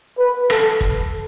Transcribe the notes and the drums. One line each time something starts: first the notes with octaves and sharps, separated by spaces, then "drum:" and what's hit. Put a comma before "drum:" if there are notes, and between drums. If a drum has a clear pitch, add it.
B4
A4, drum: rim click
drum: kick